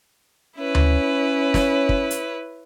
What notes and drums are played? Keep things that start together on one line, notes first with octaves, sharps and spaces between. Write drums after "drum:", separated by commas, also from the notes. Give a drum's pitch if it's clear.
C#4 E4 B4 C#5
drum: tom D2
drum: snare
drum: kick
drum: hi-hat